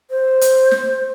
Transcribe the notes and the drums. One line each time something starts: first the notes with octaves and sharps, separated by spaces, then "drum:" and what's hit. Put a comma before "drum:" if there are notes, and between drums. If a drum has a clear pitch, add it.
C5
drum: hi-hat
drum: snare